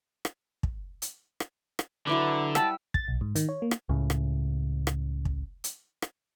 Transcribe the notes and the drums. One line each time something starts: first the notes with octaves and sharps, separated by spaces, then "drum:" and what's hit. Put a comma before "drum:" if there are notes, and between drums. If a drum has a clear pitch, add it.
drum: rim click
drum: kick
drum: hi-hat
drum: rim click
drum: rim click
D3 F#3 E4 B4 D6
G3 G4 F#5 A5 E6, drum: rim click
A6, drum: kick
B1
G#2
D#3, drum: hi-hat
C#5
A#3
drum: rim click
C#2 A2 C#3
drum: rim click
drum: rim click
drum: kick
drum: hi-hat
drum: rim click